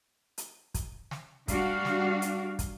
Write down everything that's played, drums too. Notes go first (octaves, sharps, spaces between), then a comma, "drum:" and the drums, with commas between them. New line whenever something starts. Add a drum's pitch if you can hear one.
drum: hi-hat
drum: kick, hi-hat
drum: snare
G3 D4 F#4 F5, drum: kick, hi-hat
drum: snare
drum: hi-hat
drum: kick, hi-hat